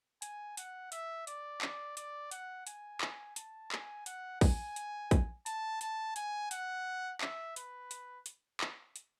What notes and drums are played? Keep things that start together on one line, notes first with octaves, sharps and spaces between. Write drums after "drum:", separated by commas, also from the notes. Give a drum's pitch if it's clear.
G#5, drum: hi-hat
F#5, drum: hi-hat
E5, drum: hi-hat
D5, drum: hi-hat
D5, drum: clap
D5, drum: hi-hat
F#5, drum: hi-hat
G#5, drum: hi-hat
G#5, drum: clap
A5, drum: hi-hat
G#5, drum: clap
F#5, drum: hi-hat
G#5, drum: kick, open hi-hat
drum: hi-hat
drum: kick, hi-hat
A5, drum: hi-hat
A5, drum: hi-hat
G#5, drum: hi-hat
F#5, drum: hi-hat
E5, drum: clap
B4, drum: hi-hat
drum: hi-hat
drum: hi-hat
drum: clap
drum: hi-hat